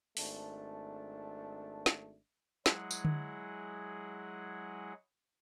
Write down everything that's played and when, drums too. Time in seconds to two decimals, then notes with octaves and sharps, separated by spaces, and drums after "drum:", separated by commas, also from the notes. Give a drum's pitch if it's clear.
0.17 G#1 A3 D4, drum: open hi-hat
1.86 drum: snare
2.66 F#3 G#3 E4 G#4 F#5, drum: snare
2.91 drum: tambourine
3.05 drum: tom D3